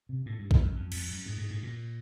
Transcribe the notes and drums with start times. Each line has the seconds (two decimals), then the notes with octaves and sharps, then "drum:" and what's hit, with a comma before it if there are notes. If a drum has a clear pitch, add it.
0.09 C3
0.26 A2
0.39 G2
0.51 F2, drum: kick A#1
0.63 F#2
0.76 F2
0.92 F2, drum: cymbal
1.08 F#2
1.26 G#2
1.38 G#2
1.51 G#2
1.63 A#2